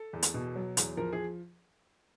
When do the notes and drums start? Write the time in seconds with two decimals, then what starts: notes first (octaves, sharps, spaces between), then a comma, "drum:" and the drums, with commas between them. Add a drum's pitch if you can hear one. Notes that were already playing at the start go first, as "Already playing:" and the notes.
Already playing: A4
0.13 E2
0.23 drum: hi-hat
0.34 B2
0.56 F#3
0.77 E2, drum: hi-hat
0.97 F3 A#4
1.13 G#4